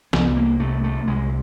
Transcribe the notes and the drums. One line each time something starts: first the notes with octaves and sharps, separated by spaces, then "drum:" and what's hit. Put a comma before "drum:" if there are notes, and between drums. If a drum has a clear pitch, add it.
C2 B3, drum: snare
A#3
C3 A3
A3
C2 G#3